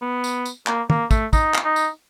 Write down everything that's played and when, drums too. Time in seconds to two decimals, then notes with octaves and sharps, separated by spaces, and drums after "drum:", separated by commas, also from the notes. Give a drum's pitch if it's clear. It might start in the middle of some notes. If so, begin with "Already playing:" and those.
0.02 B3
0.24 drum: tambourine
0.46 drum: tambourine
0.67 A#3, drum: clap
0.90 A#3, drum: tom
1.11 A3, drum: kick, tambourine
1.33 D#4, drum: kick, tambourine
1.54 drum: clap
1.65 D#4
1.76 drum: tambourine